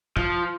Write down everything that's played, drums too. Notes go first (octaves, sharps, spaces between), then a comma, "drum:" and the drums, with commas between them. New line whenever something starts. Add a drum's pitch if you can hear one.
F3, drum: kick